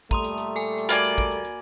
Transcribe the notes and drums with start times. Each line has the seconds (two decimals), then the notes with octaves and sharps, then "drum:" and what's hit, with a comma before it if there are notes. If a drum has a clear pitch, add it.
0.11 A#2 G3 A3 A#5 C6 D#6, drum: kick, hi-hat
0.24 drum: hi-hat
0.38 drum: hi-hat
0.56 A4 G#5
0.78 drum: hi-hat
0.89 A#3 F#4 D5 G#5, drum: hi-hat
1.05 drum: hi-hat
1.18 drum: kick, hi-hat
1.31 drum: hi-hat
1.45 drum: hi-hat